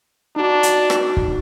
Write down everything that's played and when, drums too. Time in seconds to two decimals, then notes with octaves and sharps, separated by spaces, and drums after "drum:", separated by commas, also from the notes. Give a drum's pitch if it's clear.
0.36 D4 D#4 F#4
0.63 drum: hi-hat
0.90 drum: rim click
1.17 drum: kick